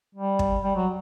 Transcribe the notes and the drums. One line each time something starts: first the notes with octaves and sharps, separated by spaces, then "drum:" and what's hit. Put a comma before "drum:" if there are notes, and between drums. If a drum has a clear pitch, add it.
G3
drum: kick
G3
F#3